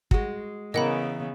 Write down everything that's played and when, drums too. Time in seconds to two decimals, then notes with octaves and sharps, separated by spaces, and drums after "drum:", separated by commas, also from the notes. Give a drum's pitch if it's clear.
0.11 G#3 F#4, drum: kick
0.74 C#3 E3 B3 A#4 D#5 F#5 B5